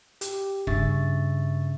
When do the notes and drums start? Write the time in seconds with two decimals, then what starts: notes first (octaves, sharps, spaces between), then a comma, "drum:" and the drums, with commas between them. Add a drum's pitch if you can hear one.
0.21 G4, drum: hi-hat
0.67 G2 C#3 C#4 E5 C#6 A6, drum: kick